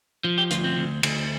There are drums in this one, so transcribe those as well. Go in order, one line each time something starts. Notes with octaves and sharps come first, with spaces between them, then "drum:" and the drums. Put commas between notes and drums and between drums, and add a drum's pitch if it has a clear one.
F3
G4
D2 F4, drum: hi-hat
C4
D2
D2, drum: cymbal